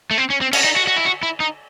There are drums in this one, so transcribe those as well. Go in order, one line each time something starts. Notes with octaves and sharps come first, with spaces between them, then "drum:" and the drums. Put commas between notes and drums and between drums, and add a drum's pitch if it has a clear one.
A3
C4
C#4
C4
C#4, drum: cymbal
D#4
F#4
F#4
E4
F#4
E4
D#4